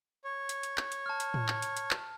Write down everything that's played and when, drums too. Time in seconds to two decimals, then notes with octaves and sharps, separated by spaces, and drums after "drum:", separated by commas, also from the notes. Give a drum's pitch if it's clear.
0.24 C#5
0.49 drum: hi-hat
0.63 drum: hi-hat
0.78 drum: clap
0.92 drum: hi-hat
1.06 A5 F6
1.20 drum: hi-hat
1.34 drum: tom A2
1.48 drum: clap
1.62 drum: hi-hat
1.77 drum: hi-hat
1.91 drum: clap